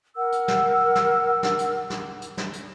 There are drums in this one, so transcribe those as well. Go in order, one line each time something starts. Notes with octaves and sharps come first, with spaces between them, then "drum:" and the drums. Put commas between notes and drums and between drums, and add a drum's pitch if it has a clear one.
A#4 F#5 E6
drum: hi-hat
drum: snare
drum: snare
drum: snare
drum: hi-hat
drum: snare
drum: hi-hat
drum: snare
drum: hi-hat